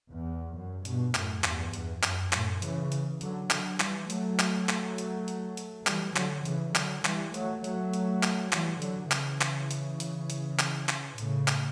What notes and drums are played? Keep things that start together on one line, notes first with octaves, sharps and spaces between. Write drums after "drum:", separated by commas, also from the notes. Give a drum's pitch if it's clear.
E2
F#2
G2 B2, drum: hi-hat
F#2 A2, drum: clap
E2 G2, drum: clap
E2, drum: hi-hat
F#2, drum: clap
F#2 A2, drum: clap
C#3 E3, drum: hi-hat
drum: hi-hat
D3 F#3, drum: hi-hat
D3 F#3, drum: clap
E3 G3, drum: clap
F#3 A3, drum: hi-hat
drum: clap
drum: clap
drum: hi-hat
drum: hi-hat
drum: hi-hat
E3 G3, drum: clap
D3 F#3, drum: clap
C#3 E3, drum: hi-hat
D3 F#3, drum: clap
E3 G3, drum: clap
F#3 A3, drum: hi-hat
F#3 A3, drum: hi-hat
drum: hi-hat
drum: clap
E3 G3, drum: clap
D3 F#3, drum: hi-hat
C#3 E3, drum: clap
drum: clap
drum: hi-hat
drum: hi-hat
drum: hi-hat
drum: clap
drum: clap
A2 C#3, drum: hi-hat
drum: clap